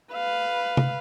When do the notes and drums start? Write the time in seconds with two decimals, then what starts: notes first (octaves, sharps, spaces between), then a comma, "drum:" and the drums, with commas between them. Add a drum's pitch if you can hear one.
0.13 B4 F5
0.77 drum: tom C3